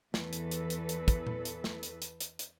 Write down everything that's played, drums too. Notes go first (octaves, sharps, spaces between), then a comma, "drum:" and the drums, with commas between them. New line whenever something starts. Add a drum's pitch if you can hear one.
E2 E3 A4 B4, drum: snare
drum: hi-hat
drum: hi-hat
drum: hi-hat
drum: hi-hat
drum: kick, hi-hat
drum: tom A#2
drum: hi-hat
drum: snare
drum: hi-hat
drum: hi-hat
drum: hi-hat
drum: hi-hat